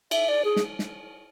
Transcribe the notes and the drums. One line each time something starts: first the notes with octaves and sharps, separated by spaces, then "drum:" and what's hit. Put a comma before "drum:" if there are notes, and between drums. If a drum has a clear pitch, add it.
E5, drum: cymbal
D5
G#4
drum: snare
drum: snare